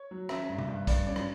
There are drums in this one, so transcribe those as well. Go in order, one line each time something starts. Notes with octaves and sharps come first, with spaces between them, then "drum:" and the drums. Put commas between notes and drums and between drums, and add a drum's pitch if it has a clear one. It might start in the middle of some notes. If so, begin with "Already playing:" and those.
Already playing: C#5
F#3
C#4 E5, drum: rim click
G2
drum: tom C3
G2
G2 D5, drum: kick, hi-hat
C#4 D5
drum: rim click